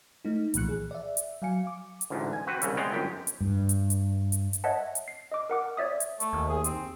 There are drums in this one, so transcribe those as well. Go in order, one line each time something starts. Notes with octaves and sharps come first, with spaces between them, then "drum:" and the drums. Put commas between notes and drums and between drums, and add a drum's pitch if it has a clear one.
A3 D#4
C2 A#2 E3 F3 F#6 C#7, drum: hi-hat
G#4
D5 E5
drum: hi-hat
F#3 F5 G#5 C#7
D6
drum: hi-hat
A1 D2 G#2
G#5
C4 F#4 B4
C2 C#3 E3, drum: hi-hat
G#3 B3 C4 C#5 D5
G1 F#2 G4
drum: hi-hat
G2
drum: hi-hat
drum: hi-hat
drum: hi-hat
drum: hi-hat
C#5 D#5 E5 F#5 A5
drum: hi-hat
C7
D#5 D6
A#4 F#5 D6
C#5 D5 E5 D#6
drum: hi-hat
A3, drum: hi-hat
D#2
G#4
C4, drum: hi-hat